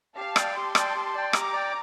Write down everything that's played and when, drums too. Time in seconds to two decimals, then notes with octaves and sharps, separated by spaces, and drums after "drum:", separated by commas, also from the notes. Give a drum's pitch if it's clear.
0.17 G4 F5 A5
0.36 D5 G5, drum: rim click
0.55 G4 A5 C6
0.75 D5 G5, drum: rim click
0.95 G4
1.15 D5 G5
1.33 G4 A#5 D6, drum: rim click
1.53 D5 G5